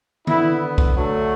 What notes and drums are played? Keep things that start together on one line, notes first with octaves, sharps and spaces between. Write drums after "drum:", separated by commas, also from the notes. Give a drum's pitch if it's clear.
D3 B3 E4, drum: tom D#3
drum: kick
D3 F#3 A3